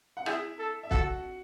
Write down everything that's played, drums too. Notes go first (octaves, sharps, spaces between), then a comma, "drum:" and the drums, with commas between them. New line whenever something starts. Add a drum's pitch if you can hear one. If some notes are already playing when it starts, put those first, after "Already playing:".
F#5
E4 G#4 E5, drum: rim click
A4
E5
F#4 A4 F#5, drum: kick